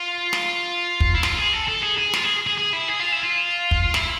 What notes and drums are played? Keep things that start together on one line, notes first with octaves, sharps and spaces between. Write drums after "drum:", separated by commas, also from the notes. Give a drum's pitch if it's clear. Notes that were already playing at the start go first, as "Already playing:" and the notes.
Already playing: F4
drum: snare
drum: kick
E4
F4, drum: snare
G#4
A4
A4
G#4
G#4
F4, drum: snare
G#4
G#4
G#4
E4
G#4
F4
E4
F4
drum: kick
E4, drum: snare